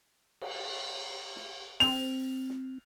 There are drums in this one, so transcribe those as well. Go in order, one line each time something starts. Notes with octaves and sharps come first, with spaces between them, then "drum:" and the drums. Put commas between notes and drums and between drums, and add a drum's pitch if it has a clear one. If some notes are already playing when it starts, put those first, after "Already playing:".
drum: cymbal
drum: snare
C4 F7, drum: open hi-hat
drum: snare